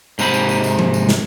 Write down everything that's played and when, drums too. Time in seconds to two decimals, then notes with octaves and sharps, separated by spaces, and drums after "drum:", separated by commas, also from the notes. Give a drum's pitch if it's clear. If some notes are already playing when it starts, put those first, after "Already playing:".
0.19 G#2 C3 D#4 A#4 C5 B5, drum: tambourine
0.34 drum: tambourine
0.49 drum: tambourine
0.64 drum: tambourine
0.79 drum: tom F3
0.94 drum: tambourine
1.09 drum: snare